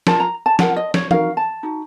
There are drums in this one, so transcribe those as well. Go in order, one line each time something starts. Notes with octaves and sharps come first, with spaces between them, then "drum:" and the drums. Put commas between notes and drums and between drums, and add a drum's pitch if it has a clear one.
F4 A#4 A5, drum: snare
A#5
A5
F4 A#4 F#5, drum: snare
D#5
C#5, drum: snare
D#4 F#4 A#4 F5, drum: tom
A5
D#4 F#4